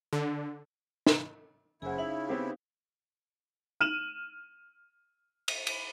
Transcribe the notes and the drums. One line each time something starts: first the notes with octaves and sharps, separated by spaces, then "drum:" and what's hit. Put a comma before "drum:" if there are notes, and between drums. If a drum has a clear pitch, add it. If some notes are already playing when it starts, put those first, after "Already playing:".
D3
drum: snare
F#1 C#3 E4 G#4 C5 F#5 G#5
D#4 E5 F5
B3 C4 G4
F6 D#7 E7 F#7
drum: cymbal
drum: cymbal